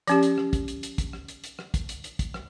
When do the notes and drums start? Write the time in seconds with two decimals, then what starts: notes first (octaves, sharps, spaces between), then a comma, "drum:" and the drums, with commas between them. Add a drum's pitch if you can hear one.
0.07 F3 C#4 G4, drum: hi-hat
0.23 drum: hi-hat
0.38 drum: rim click
0.53 drum: kick, hi-hat
0.68 drum: hi-hat
0.83 drum: hi-hat
0.98 drum: kick, hi-hat
1.13 drum: rim click
1.28 drum: hi-hat
1.44 drum: hi-hat
1.59 drum: rim click
1.74 drum: kick, hi-hat
1.89 drum: hi-hat
2.04 drum: hi-hat
2.19 drum: kick, hi-hat
2.34 drum: rim click